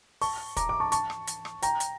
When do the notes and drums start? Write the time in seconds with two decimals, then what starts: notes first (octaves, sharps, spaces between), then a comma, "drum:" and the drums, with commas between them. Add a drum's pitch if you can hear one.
0.21 A5 C#6, drum: open hi-hat
0.57 A#5 D6, drum: kick, hi-hat
0.69 A#5 D6
0.80 A5 C#6
0.92 A5 C#6, drum: hi-hat
1.10 drum: rim click
1.27 drum: hi-hat
1.45 drum: rim click
1.62 G5 A#5, drum: hi-hat
1.80 drum: hi-hat